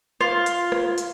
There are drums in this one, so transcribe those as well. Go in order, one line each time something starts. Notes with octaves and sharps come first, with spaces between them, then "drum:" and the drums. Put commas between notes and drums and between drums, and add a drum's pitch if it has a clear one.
F4, drum: rim click
drum: hi-hat
drum: rim click
drum: hi-hat